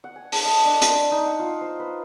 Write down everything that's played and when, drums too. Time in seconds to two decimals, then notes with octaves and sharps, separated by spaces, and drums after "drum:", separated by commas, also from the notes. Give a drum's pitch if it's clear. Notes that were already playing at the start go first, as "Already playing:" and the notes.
0.04 F#5
0.16 G#5
0.32 A5, drum: open hi-hat
0.45 D#5
0.65 D4
0.82 C6, drum: hi-hat
1.11 D#4
1.26 F#5
1.39 F4
1.61 C5
1.80 B4